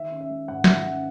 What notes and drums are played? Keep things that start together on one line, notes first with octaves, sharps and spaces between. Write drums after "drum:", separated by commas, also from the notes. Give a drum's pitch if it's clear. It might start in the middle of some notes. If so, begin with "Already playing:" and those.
Already playing: D#3 E5
C#4
E5
G#3
G#2 F#5
D#3 E5, drum: snare
F#5
C#4